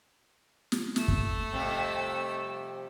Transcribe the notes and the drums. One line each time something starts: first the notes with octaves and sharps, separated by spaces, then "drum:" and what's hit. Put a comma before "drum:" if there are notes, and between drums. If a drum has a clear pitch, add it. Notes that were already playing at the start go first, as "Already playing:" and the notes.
drum: snare
A3 E6, drum: snare
drum: kick
F2 C3 G3